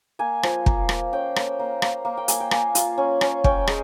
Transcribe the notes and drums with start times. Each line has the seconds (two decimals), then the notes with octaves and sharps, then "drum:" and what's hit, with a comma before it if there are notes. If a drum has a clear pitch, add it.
0.19 A#3 G#5
0.43 F3, drum: rim click
0.66 A#3, drum: kick
0.89 A#3, drum: rim click
1.13 C#4 G5
1.36 A#3, drum: rim click
1.59 A#3
1.82 A#3, drum: rim click
2.05 A#3
2.17 G5
2.28 A#3 G#5, drum: hi-hat
2.40 G5
2.51 A#3 G#5, drum: rim click
2.75 F4, drum: hi-hat
2.98 C#4
3.21 C#4, drum: rim click
3.44 C#4 G5, drum: kick
3.67 G#3, drum: rim click